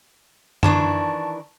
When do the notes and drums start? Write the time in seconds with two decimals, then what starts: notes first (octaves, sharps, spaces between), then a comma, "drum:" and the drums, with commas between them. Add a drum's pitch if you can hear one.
0.63 D#3 E3 D4 A5 C#6 A6, drum: tom